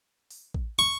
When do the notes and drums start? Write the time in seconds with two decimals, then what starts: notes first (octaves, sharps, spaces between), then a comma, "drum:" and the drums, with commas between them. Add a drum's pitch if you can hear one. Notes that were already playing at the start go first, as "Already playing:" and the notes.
0.31 drum: open hi-hat
0.54 drum: kick A1
0.79 C#6